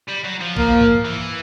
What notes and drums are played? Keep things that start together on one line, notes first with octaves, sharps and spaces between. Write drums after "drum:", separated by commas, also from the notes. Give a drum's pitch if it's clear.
G3
F#3
F3
A#3, drum: kick
drum: tom G2
E3